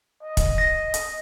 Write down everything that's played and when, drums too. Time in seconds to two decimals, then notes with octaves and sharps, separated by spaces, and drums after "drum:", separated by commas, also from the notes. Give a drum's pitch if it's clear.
0.23 D#5
0.37 drum: kick, hi-hat
0.58 A#6
0.94 drum: hi-hat